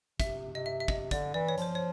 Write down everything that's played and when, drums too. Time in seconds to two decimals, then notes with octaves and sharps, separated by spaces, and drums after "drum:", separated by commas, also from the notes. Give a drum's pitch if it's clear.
0.20 C3 E5, drum: kick, hi-hat
0.54 C3 D#5
0.66 E5
0.80 E5
0.88 C3 D#5, drum: kick
1.11 D3 D5, drum: kick, hi-hat
1.34 E3 D5
1.49 C#5
1.58 F3 C5, drum: hi-hat
1.75 C#5